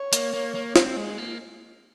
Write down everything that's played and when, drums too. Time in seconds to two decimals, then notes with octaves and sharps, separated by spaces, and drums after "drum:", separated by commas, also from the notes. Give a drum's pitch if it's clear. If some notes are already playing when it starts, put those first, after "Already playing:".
Already playing: C#5
0.13 A#3, drum: hi-hat
0.33 A#3
0.54 A#3
0.76 C4, drum: snare
0.97 G#3
1.18 A#3